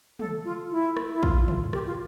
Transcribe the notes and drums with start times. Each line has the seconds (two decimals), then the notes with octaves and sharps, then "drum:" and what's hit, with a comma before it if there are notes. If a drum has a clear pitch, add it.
0.19 A4, drum: tom
0.45 F4
0.71 E4
0.97 drum: rim click
1.14 E4
1.23 F4, drum: kick
1.48 drum: tom
1.73 G4, drum: rim click
1.86 F4